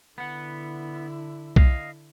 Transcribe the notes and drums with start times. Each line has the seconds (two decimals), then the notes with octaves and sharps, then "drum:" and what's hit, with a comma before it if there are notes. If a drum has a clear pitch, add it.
0.18 D3 B3 E4 F#5
1.56 D#5 F5, drum: kick B1